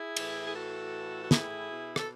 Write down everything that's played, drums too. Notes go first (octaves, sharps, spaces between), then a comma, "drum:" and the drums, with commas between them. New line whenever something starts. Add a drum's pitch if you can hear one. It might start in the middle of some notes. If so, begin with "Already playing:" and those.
Already playing: E4 G#4
A2 E3, drum: cymbal
G#4
F#4 A4
F#4
E4 G#4, drum: snare
B2
A4, drum: rim click